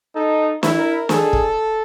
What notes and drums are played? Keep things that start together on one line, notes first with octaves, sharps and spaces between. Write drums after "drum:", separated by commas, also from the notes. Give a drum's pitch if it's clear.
D#4 A4
E4, drum: snare
A#4
G#4 A4, drum: snare
drum: kick